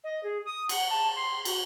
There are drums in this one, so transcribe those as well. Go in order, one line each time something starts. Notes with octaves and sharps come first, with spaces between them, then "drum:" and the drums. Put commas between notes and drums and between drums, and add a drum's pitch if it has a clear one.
D#5
G#4
D#6
F#5, drum: cymbal
A5
C6
F#4, drum: cymbal